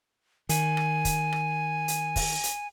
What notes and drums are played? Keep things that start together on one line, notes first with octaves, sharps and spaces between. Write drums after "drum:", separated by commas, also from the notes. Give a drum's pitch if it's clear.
D#3 G#5, drum: hi-hat
drum: rim click
drum: kick, hi-hat
drum: rim click
drum: hi-hat
drum: kick, open hi-hat
drum: hi-hat